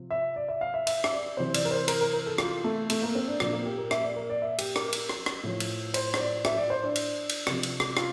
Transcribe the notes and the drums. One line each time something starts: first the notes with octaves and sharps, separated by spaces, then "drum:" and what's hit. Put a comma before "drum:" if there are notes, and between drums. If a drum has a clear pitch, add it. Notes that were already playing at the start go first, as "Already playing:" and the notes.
Already playing: C3 F3
E5
D5
E5
F5
E5
E5, drum: cymbal
E5, drum: rim click
D5
C3 E3 C5
D5, drum: cymbal
A#4
C5
A#4, drum: cymbal
A#4
A#4
A4
F4, drum: rim click
A3
A3, drum: cymbal
A#3
C4
D4
A#2 F3 D4, drum: rim click
A#3
G4
A#4
E5, drum: rim click
D5
A#4
D5
E5
G4, drum: cymbal
A#4, drum: rim click
drum: cymbal
drum: rim click
drum: rim click
A2 F3
drum: cymbal
C5, drum: cymbal
C5, drum: rim click
D5
E5, drum: rim click
D5
C5
D4
drum: cymbal
drum: cymbal
C3 F3, drum: rim click
drum: cymbal
drum: rim click
F4, drum: rim click